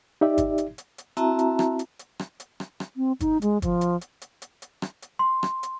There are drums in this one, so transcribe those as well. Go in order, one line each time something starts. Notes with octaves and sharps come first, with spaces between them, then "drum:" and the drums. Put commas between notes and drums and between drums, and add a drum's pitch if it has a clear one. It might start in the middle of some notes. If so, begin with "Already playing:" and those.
D#4 G4 D5 E5
drum: kick, hi-hat
drum: hi-hat
drum: hi-hat
drum: hi-hat
C4 E4 F#4 E5 A5 A#5, drum: hi-hat
drum: hi-hat
drum: rim click
drum: hi-hat
drum: hi-hat
drum: rim click
drum: hi-hat
drum: rim click
drum: rim click
C4
D#4, drum: kick, hi-hat
G#3, drum: hi-hat
F3, drum: kick, hi-hat
drum: hi-hat
drum: hi-hat
drum: hi-hat
drum: hi-hat
drum: hi-hat
drum: rim click
drum: hi-hat
C6
drum: rim click
drum: hi-hat